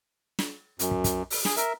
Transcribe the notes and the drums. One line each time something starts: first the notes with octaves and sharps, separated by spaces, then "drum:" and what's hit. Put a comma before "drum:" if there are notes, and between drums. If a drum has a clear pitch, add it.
drum: snare
F#2, drum: hi-hat
drum: kick
drum: kick, hi-hat
drum: open hi-hat
G#4, drum: snare
A#4 E5, drum: hi-hat